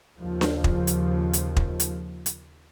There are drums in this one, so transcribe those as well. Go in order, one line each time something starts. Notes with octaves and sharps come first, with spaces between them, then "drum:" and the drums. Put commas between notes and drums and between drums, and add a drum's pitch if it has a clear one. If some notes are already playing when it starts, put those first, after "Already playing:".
D#2 C#3 F3
drum: snare D4
drum: kick
drum: hi-hat
drum: hi-hat
drum: kick
drum: hi-hat
drum: hi-hat